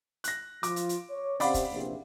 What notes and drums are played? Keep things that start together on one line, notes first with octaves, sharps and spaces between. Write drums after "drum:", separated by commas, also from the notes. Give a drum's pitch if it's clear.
F#6 A#6, drum: hi-hat
F3 F4 D6, drum: hi-hat
drum: hi-hat
drum: hi-hat
C#5
C3 C#4 D5 F5 F#5 B5 D6, drum: open hi-hat
drum: kick, hi-hat
A#1 E2 C3